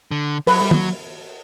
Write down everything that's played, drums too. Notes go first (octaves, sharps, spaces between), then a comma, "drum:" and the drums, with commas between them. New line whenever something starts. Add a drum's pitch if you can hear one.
D3
F#3 B4, drum: open hi-hat
G3
F#3, drum: tom